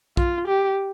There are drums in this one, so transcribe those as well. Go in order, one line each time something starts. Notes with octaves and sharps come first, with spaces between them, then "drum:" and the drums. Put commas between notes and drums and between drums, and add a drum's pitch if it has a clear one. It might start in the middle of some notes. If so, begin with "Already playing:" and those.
F4, drum: kick
G4